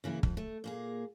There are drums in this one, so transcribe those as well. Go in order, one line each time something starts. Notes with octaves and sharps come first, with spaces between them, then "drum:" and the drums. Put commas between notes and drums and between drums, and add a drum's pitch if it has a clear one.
C#3 E3 A#3 E4
F2, drum: kick
A3
A#2 A#3 G#4